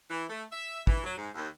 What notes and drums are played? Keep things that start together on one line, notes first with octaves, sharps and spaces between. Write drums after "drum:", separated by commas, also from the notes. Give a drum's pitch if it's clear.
E3
A3
E5
E3, drum: kick
F#3
G#2
D#2